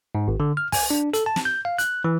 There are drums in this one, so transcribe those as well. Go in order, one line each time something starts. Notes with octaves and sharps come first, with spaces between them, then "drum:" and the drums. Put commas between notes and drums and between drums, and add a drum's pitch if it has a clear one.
G#2
G#1
D3
F6
G#5, drum: kick, open hi-hat
D4
A4, drum: hi-hat
A5
drum: snare
G6
F5
F#6, drum: hi-hat
E3